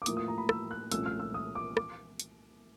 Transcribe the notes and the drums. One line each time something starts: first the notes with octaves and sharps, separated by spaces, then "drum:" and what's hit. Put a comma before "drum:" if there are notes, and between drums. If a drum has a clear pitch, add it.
D6
A2 F3 A#3 D#6, drum: hi-hat
D#6
A#5
B5
E6, drum: rim click
F#6
C2 A#2 F3 A3 C#4 E6, drum: hi-hat
F6
E6
D#6
D6
D6, drum: rim click
drum: hi-hat